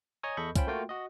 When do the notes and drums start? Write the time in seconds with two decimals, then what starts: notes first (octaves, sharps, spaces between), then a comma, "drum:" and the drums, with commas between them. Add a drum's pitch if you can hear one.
0.23 C#5 D#5 G#5 A#5 C#6 D#6
0.37 E2 A4 D#5 B5 C#6 G6
0.56 C#4 F4 C5 G5 B5, drum: kick, hi-hat
0.67 A3 A#3 F4 F#4 G5
0.89 F#4 D#5